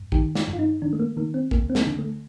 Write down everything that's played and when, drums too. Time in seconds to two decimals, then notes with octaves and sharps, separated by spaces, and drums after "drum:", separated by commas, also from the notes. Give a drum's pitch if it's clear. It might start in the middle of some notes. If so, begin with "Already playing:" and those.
Already playing: G2
0.12 D#3 G4, drum: kick
0.35 F4, drum: snare
0.48 G2
0.53 F4
0.59 D#4
0.82 D#3 D4
0.93 A3
1.00 A#3
1.17 D#3 A#3
1.34 C4
1.51 D2 A#3, drum: kick
1.70 C4
1.75 A#3, drum: snare
1.86 D3
1.99 A3